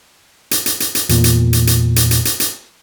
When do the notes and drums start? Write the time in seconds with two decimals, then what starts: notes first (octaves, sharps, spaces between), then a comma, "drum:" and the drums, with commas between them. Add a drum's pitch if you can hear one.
0.51 drum: hi-hat
0.66 drum: hi-hat
0.80 drum: hi-hat
0.95 drum: hi-hat
1.09 E2 A#2, drum: hi-hat
1.24 drum: hi-hat
1.53 drum: hi-hat
1.67 drum: hi-hat
1.96 drum: hi-hat
2.11 drum: hi-hat
2.25 drum: hi-hat
2.40 drum: hi-hat